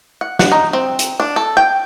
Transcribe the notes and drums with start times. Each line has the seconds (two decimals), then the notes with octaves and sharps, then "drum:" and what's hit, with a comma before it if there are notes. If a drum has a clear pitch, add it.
0.21 F#5
0.39 F#5, drum: snare
0.52 D#4
0.73 C4
0.99 drum: hi-hat
1.20 D4
1.36 A4
1.57 G5